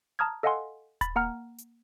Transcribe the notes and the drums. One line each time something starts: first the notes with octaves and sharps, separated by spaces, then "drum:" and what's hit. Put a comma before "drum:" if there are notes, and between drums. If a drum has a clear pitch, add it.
A5 A#5 D#6 F6 G#6
A4 D#5 F5 F#5 G#5 C6
B5 A6, drum: kick D#1, hi-hat
A#3 F#5 A#5 F6
drum: hi-hat